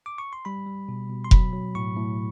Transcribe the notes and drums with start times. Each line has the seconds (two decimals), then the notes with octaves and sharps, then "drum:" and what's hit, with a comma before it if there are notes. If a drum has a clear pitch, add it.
0.06 D6
0.18 C#6
0.33 C6
0.45 G3 B5
0.67 G3
0.89 B2
1.10 B2
1.24 C6
1.31 F#3 B5, drum: kick F1
1.53 F#3
1.75 A2 C#6
1.96 A2